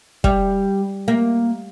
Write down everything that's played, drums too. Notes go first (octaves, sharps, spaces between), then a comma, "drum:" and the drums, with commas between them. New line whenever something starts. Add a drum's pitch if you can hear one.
G3, drum: kick
A#3